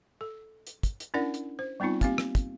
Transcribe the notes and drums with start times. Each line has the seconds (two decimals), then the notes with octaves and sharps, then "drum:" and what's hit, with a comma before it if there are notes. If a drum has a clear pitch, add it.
0.21 A4
0.67 drum: hi-hat
0.83 drum: kick, hi-hat
1.00 drum: hi-hat
1.14 C#4 D4 E4 A#4 D5 F#5
1.34 drum: hi-hat
1.59 C5
1.80 G3 B3 C4 D#4 F4
2.01 A#3 C4 G4 F5, drum: kick, hi-hat
2.18 drum: rim click
2.35 drum: kick, hi-hat